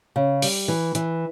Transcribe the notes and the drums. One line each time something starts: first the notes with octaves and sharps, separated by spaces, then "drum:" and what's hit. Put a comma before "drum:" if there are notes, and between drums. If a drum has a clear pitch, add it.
C#3
G3, drum: open hi-hat
E3
E3, drum: hi-hat